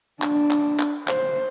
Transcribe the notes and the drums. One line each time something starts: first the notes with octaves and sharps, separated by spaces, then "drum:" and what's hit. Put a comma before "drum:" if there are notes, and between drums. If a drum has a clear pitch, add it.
D4, drum: clap
drum: clap
drum: clap
C5, drum: clap